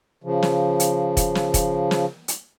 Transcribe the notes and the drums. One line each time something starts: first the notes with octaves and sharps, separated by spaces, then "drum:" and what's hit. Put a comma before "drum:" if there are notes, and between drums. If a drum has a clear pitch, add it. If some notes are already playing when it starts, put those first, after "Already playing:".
C#3 F3
drum: snare
drum: hi-hat
drum: kick, hi-hat
drum: snare
drum: kick, hi-hat
drum: snare
drum: hi-hat